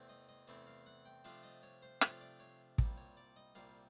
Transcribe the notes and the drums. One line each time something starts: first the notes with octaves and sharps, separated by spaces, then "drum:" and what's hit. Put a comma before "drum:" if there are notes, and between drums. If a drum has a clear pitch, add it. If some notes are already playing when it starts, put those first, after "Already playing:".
Already playing: E2 C3 E3 A3 C4
D#5
D#5
E2 C3 E3 A3 C4
F5
F#5
G5
C3 F3 A3 D4 F4
D#5
C#5
C5
C3 F3 A3 D4 F4 C#5, drum: rim click
D5
C#5
C2 A#2 G3, drum: kick
C#5
D5
D#5
C2 A#2 G3 F5